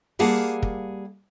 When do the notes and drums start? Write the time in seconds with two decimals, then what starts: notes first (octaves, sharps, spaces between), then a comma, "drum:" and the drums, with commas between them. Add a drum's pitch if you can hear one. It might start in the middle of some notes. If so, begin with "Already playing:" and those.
0.19 G3 A#3 G#4 F5 F#5 A5, drum: open hi-hat
0.63 drum: kick